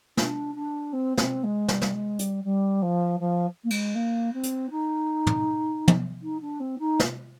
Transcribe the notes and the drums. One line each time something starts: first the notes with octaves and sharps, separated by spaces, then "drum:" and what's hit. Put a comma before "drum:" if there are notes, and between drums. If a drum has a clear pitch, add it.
D4, drum: snare
D4
C4
C4, drum: snare
G#3
G3, drum: snare
drum: snare
G#3
G3, drum: hi-hat
G3
F3
F3
A#3
G#3, drum: cymbal
A#3
C4
drum: hi-hat
D#4
drum: tom
drum: tom
D#4
D4
C4
D#4
drum: snare